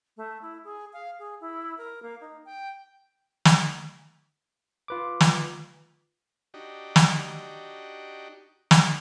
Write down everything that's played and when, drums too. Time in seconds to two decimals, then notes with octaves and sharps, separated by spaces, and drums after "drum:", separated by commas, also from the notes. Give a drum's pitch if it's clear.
0.17 A3
0.42 E4
0.64 G#4
0.93 F5
1.19 G#4
1.41 E4
1.78 A#4
2.02 A#3
2.21 D#4
2.45 G5
3.45 drum: snare
4.88 F4 B4 D6
5.21 drum: snare
6.54 D4 D#4 F#4 G4
6.96 drum: snare
8.71 drum: snare